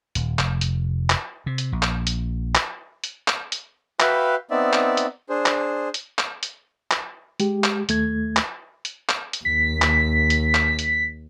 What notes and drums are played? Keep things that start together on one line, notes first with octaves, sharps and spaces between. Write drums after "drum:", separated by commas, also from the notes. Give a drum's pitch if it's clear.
D#1, drum: hi-hat
F1, drum: clap
drum: hi-hat
drum: clap
C3
drum: hi-hat
A#1
drum: clap
drum: hi-hat
drum: clap
drum: hi-hat
drum: clap
drum: hi-hat
F#4 B4 E5 F5 G5 B5, drum: clap
B3 C4 D#4 D5 E5
drum: clap
drum: hi-hat
D4 G#4 C5
drum: clap
drum: hi-hat
drum: clap
drum: hi-hat
drum: clap
G#3 G4, drum: hi-hat
drum: clap
D#2 A3 G#6, drum: hi-hat
drum: clap
drum: hi-hat
drum: clap
drum: hi-hat
D#2 B6
drum: clap
drum: hi-hat
drum: clap
drum: hi-hat